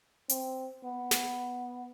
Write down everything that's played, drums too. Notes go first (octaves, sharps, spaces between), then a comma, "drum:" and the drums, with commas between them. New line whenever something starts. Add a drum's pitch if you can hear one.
C4, drum: hi-hat
B3
drum: snare